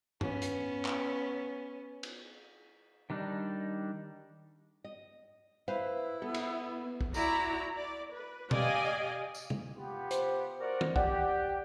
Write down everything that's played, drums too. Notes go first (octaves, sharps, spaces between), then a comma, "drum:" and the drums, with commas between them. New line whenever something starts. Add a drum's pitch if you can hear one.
B3 C#4, drum: tom G2
drum: hi-hat
drum: clap
drum: cymbal
D#3 G3 D4 D#4
D#5
E4 B4 C5 F5
B3 A4
drum: cymbal
drum: kick
E4 F#4 D5 A#5, drum: tambourine
D5
B4
G4 D5 D#5 F5 G#5, drum: tom B2
drum: tambourine
drum: tom C3
B3 F4 G4
C5, drum: hi-hat
F#4 A#4 D5
drum: tom
G4 D5 F#5, drum: kick